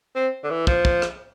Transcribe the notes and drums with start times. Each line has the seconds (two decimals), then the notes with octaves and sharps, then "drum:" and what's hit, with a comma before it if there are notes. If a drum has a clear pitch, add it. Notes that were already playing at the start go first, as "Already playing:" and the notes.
0.16 C4
0.44 D3
0.50 E3
0.67 F3, drum: kick
0.85 drum: kick
1.02 drum: rim click